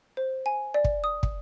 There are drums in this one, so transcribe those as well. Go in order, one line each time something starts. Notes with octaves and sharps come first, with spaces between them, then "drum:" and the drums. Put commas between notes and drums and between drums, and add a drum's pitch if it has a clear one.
C5
G#5
D5
drum: kick
D#6
drum: kick